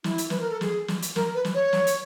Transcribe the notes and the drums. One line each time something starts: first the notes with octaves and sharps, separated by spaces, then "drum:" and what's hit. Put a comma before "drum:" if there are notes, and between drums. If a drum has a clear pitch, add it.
E4, drum: snare
drum: hi-hat
B4, drum: snare
A#4
A4
G#4, drum: snare
drum: snare
drum: hi-hat
A#4, drum: snare
B4
drum: snare
C#5
drum: snare
drum: hi-hat